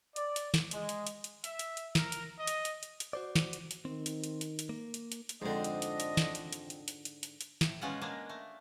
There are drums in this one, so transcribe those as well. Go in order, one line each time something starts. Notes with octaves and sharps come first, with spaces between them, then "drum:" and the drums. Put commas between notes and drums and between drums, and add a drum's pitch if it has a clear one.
D5, drum: hi-hat
drum: hi-hat
drum: snare
G#3, drum: hi-hat
drum: hi-hat
drum: hi-hat
drum: hi-hat
E5, drum: hi-hat
drum: hi-hat
drum: hi-hat
A#4, drum: snare
drum: hi-hat
D#5
drum: hi-hat
drum: hi-hat
drum: hi-hat
drum: hi-hat
F#4 C5 D5
drum: snare
drum: hi-hat
drum: hi-hat
D#3 C4
drum: hi-hat
drum: hi-hat
drum: hi-hat
drum: hi-hat
A#3
drum: hi-hat
drum: hi-hat
drum: hi-hat
F2 G#2 D3 C4 D4 D#5
drum: hi-hat
drum: hi-hat
drum: hi-hat
drum: snare
drum: hi-hat
drum: hi-hat
drum: hi-hat
drum: hi-hat
drum: hi-hat
drum: hi-hat
drum: hi-hat
A2, drum: snare
B2 G#3 C#4 F4 F#5
G#3 A#3 D4
A3